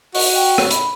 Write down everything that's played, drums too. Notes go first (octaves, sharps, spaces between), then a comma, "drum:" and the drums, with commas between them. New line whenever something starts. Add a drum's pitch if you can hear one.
F#4, drum: open hi-hat
G5
drum: rim click
B5, drum: hi-hat